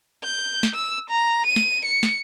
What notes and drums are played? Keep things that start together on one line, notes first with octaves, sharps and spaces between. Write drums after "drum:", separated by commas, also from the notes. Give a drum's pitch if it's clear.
G6
drum: snare
E6
A#5
D#7
drum: snare
C#7
drum: snare